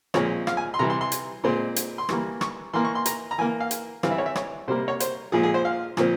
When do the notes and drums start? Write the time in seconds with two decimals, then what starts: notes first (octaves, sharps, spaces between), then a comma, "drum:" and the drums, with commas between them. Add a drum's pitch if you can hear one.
0.14 A#2 F3 G#3 C4 C#5, drum: rim click
0.47 F5, drum: rim click
0.57 G#5
0.74 C6
0.79 C3 E3 G3 A#5
0.90 C6
1.01 C6
1.12 drum: hi-hat
1.44 A#2 G#3 C4 C6
1.76 drum: hi-hat
1.98 C6
2.09 E3 G3 A#3 C#6, drum: rim click
2.41 C#6, drum: rim click
2.73 E3 A#3 C6
2.85 C#6
2.95 C6
3.06 A#5, drum: hi-hat
3.31 A#5
3.38 E3 A#3 G#5
3.60 F5
3.71 drum: hi-hat
4.03 E3 G3 C4 F5, drum: rim click
4.11 E5
4.18 C#5
4.26 E5
4.36 C#5, drum: rim click
4.68 C3 G3 A#3 C5
4.88 C#5
5.00 C5, drum: hi-hat
5.32 A#2 F3 G#3 G#4
5.43 G#4
5.54 C5
5.65 F5
5.97 A#2 F3 C4, drum: rim click